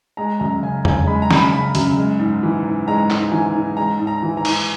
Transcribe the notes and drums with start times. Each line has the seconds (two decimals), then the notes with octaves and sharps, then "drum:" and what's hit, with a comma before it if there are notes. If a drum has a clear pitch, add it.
0.17 G#3 A#5
0.40 F#2 A#5
0.62 C#3 G#5
0.85 F#2 G#5, drum: tom
1.07 G#3 B5
1.22 A#5
1.31 F#2, drum: snare
1.36 B5
1.52 C#3 B5
1.75 F#2, drum: hi-hat
1.97 G#3
2.19 G#2
2.43 E3
2.65 G#2
2.88 G#3 A#5
3.10 G#2, drum: clap
3.32 E3 G#5
3.55 G#2
3.77 G#3 A#5
3.99 G#2
4.07 A#5
4.23 E3
4.37 A#5
4.45 G#2, drum: cymbal